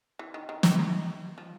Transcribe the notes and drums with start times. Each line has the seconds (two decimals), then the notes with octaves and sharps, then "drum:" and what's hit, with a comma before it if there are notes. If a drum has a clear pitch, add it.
0.19 E3
0.34 D#3
0.49 D#3
0.63 E3, drum: snare
0.79 D#3
1.38 F3